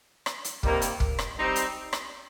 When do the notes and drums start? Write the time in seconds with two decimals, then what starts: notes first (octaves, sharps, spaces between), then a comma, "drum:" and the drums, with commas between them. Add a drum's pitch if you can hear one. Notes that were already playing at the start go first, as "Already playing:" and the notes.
0.26 drum: rim click
0.45 drum: hi-hat
0.63 C3 D#3 G3 A#3, drum: kick
0.82 drum: hi-hat
1.00 drum: kick
1.19 drum: rim click
1.37 G3 C4 D#4
1.56 drum: hi-hat
1.93 drum: rim click